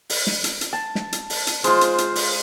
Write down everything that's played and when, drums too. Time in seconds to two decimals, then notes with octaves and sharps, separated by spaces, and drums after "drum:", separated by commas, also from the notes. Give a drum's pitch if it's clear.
0.10 drum: open hi-hat
0.27 drum: snare
0.44 drum: hi-hat
0.61 drum: hi-hat
0.73 A5
0.95 drum: snare
1.13 drum: hi-hat
1.30 drum: open hi-hat
1.47 drum: hi-hat
1.64 G#3 F4 C5, drum: hi-hat
1.81 drum: hi-hat
1.98 drum: hi-hat
2.16 drum: open hi-hat